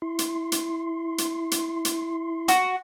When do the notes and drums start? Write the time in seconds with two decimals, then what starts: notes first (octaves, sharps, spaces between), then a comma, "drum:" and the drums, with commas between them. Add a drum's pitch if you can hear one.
0.02 E4 C6
0.19 drum: hi-hat
0.52 drum: hi-hat
1.18 drum: hi-hat
1.51 drum: hi-hat
1.85 drum: hi-hat
2.48 F#4, drum: hi-hat